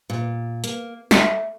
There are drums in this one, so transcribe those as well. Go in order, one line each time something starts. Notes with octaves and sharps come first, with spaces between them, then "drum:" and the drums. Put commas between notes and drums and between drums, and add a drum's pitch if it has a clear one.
A#2
A#3, drum: hi-hat
A3, drum: snare